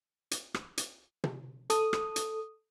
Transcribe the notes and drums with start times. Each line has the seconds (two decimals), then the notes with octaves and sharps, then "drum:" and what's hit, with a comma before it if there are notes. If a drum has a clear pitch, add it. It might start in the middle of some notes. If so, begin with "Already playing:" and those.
0.31 drum: hi-hat
0.54 drum: rim click
0.77 drum: hi-hat
1.24 drum: tom
1.70 A4 D#6, drum: hi-hat
1.93 drum: rim click
2.16 drum: hi-hat